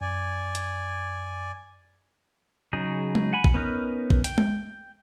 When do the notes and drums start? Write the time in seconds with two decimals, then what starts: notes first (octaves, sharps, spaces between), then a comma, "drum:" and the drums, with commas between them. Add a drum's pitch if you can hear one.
0.01 F#2 D5 G#5
0.55 drum: hi-hat
2.73 C#3 F#3 D#4 G#4
3.15 drum: tom G#3
3.33 F#5 G#5 B5
3.44 drum: kick
3.54 B3 C#4 D#4 A#4 B4
4.10 drum: kick
4.24 G5, drum: hi-hat
4.38 drum: tom G#3